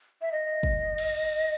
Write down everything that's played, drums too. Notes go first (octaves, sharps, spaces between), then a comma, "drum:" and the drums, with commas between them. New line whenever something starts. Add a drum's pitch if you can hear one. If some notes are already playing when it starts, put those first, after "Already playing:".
E5
D#5
drum: kick
drum: cymbal